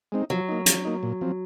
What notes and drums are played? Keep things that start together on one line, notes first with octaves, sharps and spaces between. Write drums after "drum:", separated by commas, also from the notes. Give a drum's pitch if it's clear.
G#3 C4 D#4
F3 F#3
A#3 D#4
F3, drum: hi-hat
A#3 D#4
A#2
F3 C4